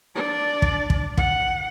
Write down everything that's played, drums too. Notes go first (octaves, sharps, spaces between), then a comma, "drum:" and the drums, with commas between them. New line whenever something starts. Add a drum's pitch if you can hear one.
D4 D5
drum: kick
drum: kick
F#5, drum: kick